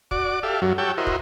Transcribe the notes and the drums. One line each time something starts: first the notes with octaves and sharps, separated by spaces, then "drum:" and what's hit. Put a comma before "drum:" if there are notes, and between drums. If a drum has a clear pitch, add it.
F#4 D5 D6, drum: kick
G4 A4 E5 F5
F#2 F#3
F#4 G4 C#5 G5 A5 E6
E4 F#4 A#4 C5 D#5
drum: kick